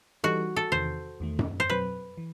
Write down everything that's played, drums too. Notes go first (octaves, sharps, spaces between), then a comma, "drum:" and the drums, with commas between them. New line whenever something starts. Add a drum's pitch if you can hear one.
E3 G3 D#4 F#4 A4
A4
E2 C3 D#3 C5
E2 D#3 A3
drum: tom F#2
C5
B2 F#3 C4 B4
E3